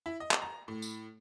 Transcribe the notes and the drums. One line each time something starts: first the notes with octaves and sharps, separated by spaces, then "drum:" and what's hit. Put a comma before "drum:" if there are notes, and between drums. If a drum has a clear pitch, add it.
E4
D#5
drum: clap
A#5
A2
drum: tambourine